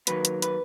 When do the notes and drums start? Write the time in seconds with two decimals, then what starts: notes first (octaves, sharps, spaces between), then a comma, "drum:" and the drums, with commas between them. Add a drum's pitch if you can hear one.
0.07 D#3 F#3 A#3 B4, drum: hi-hat
0.25 drum: hi-hat
0.42 B4, drum: hi-hat